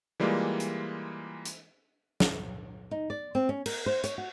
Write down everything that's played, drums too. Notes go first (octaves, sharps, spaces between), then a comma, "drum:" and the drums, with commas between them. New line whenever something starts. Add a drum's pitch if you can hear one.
E3 G3 G#3 A#3 F4
drum: hi-hat
drum: hi-hat
drum: snare
D#4
D5
C4
C#4
A#4, drum: cymbal
C5
C#5, drum: hi-hat
F#4